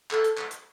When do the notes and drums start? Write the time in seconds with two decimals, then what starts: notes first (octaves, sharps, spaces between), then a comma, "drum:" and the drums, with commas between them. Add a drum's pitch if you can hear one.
0.11 A4, drum: clap
0.24 drum: hi-hat
0.38 drum: clap
0.51 drum: hi-hat